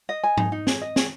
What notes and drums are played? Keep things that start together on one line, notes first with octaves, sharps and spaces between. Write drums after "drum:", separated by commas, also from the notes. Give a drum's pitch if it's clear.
D#5
G#5
D#4, drum: tom G#2
D#4
G#4, drum: snare
D#5
G#4, drum: snare